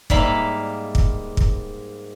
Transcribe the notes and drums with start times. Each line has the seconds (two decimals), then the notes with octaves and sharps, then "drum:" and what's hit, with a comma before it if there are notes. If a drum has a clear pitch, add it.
0.10 G#2 G3 A#3 E5 F5 B5, drum: kick
0.95 drum: kick
1.37 drum: kick